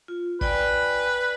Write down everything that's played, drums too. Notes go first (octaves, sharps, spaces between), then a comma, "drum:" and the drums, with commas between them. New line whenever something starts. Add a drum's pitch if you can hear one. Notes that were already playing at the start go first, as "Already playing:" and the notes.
F4
B4 D5 G5 G#5, drum: kick